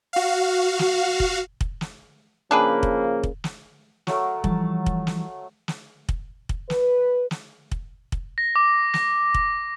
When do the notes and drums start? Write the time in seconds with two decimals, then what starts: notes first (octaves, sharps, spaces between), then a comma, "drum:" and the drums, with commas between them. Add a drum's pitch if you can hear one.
0.13 F#4 F5
0.79 drum: snare
1.20 drum: kick
1.61 drum: kick
1.81 drum: snare
2.51 C#3 F3 A#3 D4 G#4 B4
2.83 drum: kick
3.23 drum: kick
3.44 drum: snare
4.07 F#3 A3 A#4, drum: snare
4.44 E3 F3 G3 A5, drum: kick
4.86 drum: kick
5.07 drum: snare
5.68 drum: snare
6.09 drum: kick
6.49 drum: kick
6.70 B4, drum: snare
7.31 drum: snare
7.72 drum: kick
8.12 drum: kick
8.38 A#6
8.56 D6
8.94 A#6, drum: snare
9.34 drum: kick